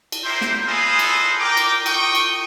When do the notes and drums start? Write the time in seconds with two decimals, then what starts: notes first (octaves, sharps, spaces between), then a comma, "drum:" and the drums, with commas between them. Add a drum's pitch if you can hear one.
0.12 drum: cymbal
0.24 E4 G4 A#4 C5
0.41 drum: snare
0.67 G#4 A4 B4 C5 D#5 F5
0.99 drum: cymbal
1.40 A#4 G5 A#5 D6
1.57 drum: cymbal
1.86 G5 C#6 D#6, drum: cymbal
2.15 drum: cymbal